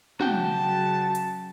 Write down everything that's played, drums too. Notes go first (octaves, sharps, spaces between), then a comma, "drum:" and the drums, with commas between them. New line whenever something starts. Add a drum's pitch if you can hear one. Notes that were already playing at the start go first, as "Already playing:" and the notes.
C#3 F#3 F#4 G5 A5, drum: tom
drum: hi-hat